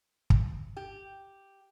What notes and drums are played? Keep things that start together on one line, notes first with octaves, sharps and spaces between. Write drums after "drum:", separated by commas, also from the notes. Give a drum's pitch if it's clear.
drum: kick
G4